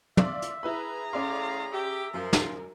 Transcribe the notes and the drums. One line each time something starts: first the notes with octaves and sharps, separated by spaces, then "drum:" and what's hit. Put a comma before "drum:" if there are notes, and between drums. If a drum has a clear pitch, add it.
D5 E5 F5 C6, drum: tom
drum: hi-hat
E4 G#4 B4 A#5 B5
A2 C#4 D5 F5 C6 D6
G4 E5
F#2 F3 A#4
drum: snare